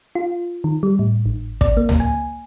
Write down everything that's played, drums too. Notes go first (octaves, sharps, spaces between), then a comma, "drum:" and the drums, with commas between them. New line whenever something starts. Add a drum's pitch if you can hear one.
F4
D#3
G3
A2
G#1
D5, drum: kick
A#3
drum: tom C#2
G#5